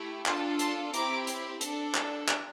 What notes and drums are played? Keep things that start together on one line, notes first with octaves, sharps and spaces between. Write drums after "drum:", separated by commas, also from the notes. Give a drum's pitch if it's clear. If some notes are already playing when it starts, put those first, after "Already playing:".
Already playing: A3 E4 G4
D4 F4 A4 A5 C6, drum: clap
A5 C6, drum: hi-hat
C4 E4 G4 A#5 D6, drum: hi-hat
drum: hi-hat
D4 A4, drum: hi-hat
drum: clap
drum: clap